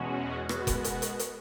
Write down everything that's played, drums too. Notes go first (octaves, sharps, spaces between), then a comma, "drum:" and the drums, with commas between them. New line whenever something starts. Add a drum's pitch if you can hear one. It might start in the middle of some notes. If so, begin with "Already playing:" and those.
Already playing: E2 B2 G#3 C#4 F#4
B2 G#3 B3 F#4, drum: rim click
drum: kick F1, hi-hat
drum: hi-hat
drum: hi-hat
drum: hi-hat